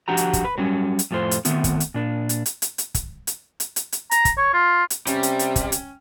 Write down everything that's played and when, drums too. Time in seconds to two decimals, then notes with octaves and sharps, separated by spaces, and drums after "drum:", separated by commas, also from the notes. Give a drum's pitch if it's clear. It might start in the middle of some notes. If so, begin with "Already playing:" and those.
0.08 F3 D4 F#4 G4 A#5
0.17 drum: hi-hat
0.33 drum: kick, hi-hat
0.44 B4
0.58 F#3 G3 C#4
0.99 drum: hi-hat
1.11 F2 A2 F4 A4 C5
1.31 drum: hi-hat
1.45 D#3 A3 B3 C4 F4, drum: hi-hat
1.64 drum: kick, hi-hat
1.80 drum: hi-hat
1.94 A#2 D4
2.29 drum: hi-hat
2.46 drum: hi-hat
2.62 drum: hi-hat
2.78 drum: hi-hat
2.95 drum: kick, hi-hat
3.27 drum: hi-hat
3.60 drum: hi-hat
3.76 drum: hi-hat
3.92 drum: hi-hat
4.11 A#5, drum: hi-hat
4.25 drum: kick, hi-hat
4.38 C#5
4.54 F4
4.90 drum: hi-hat
5.07 C3 G3 C4 C#4, drum: hi-hat
5.23 drum: hi-hat
5.39 drum: hi-hat
5.56 drum: kick, hi-hat
5.72 drum: hi-hat